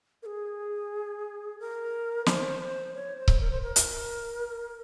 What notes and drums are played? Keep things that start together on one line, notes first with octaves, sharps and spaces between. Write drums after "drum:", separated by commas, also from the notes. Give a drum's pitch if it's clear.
A#4
G#4
A#4
C5, drum: snare
C#5
C5
drum: kick C#1
A#4
C5
A#4
drum: hi-hat